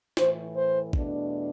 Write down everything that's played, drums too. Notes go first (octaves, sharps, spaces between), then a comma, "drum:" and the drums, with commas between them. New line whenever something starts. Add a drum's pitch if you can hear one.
A2 E3 A3 C5, drum: snare
C5
E2 B2 A3 D4, drum: kick A1